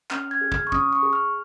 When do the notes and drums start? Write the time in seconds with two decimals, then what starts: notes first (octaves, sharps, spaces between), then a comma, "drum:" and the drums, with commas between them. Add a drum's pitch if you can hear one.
0.11 C#4 F6, drum: clap
0.31 G#6
0.41 G#4
0.52 F6, drum: kick
0.67 C#6
0.72 C#4 D#6, drum: kick
0.93 C#6
1.03 G#4
1.13 F6